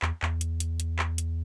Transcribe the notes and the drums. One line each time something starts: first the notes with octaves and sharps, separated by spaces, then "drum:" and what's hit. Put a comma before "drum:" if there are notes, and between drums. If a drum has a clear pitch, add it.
E2, drum: clap
E2, drum: clap
drum: hi-hat
drum: hi-hat
drum: hi-hat
drum: clap
drum: hi-hat